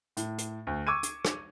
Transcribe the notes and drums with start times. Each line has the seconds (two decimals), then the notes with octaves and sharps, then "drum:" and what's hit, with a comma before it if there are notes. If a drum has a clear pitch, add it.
0.17 A2, drum: hi-hat
0.38 drum: hi-hat
0.67 D2
0.87 C#6 D6 E6 G#6 D#7
1.03 drum: hi-hat
1.25 drum: rim click